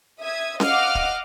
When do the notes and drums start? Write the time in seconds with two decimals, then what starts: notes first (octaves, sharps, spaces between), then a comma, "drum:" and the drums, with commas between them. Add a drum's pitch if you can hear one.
0.19 E5 D#6 G#6
0.60 D#5 F5 F#5 D6 F6, drum: snare C#4
0.95 drum: kick